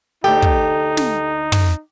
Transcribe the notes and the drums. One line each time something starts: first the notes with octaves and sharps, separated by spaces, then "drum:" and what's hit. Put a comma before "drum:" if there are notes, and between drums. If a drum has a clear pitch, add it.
D2 D#4 G4 A4
drum: kick
drum: snare
drum: tom